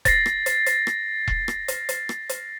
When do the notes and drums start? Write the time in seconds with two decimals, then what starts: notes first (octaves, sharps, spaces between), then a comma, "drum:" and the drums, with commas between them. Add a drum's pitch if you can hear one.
0.05 A6 A#6 C7, drum: kick E1, hi-hat
0.26 drum: rim click
0.46 drum: hi-hat
0.66 drum: hi-hat
0.87 drum: rim click
1.28 drum: kick E1
1.48 drum: rim click
1.68 drum: hi-hat
1.89 drum: hi-hat
2.09 drum: rim click
2.29 drum: hi-hat